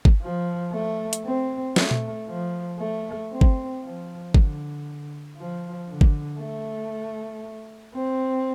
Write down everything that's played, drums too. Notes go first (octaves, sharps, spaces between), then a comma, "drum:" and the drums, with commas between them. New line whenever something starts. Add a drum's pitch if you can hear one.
drum: kick G1
F3
A3
drum: hi-hat
C4
A3, drum: snare
drum: tom A#2
F3
A3
C4
drum: kick G1
F3
D3, drum: kick G1
F3
D3
drum: kick G1
A3
C4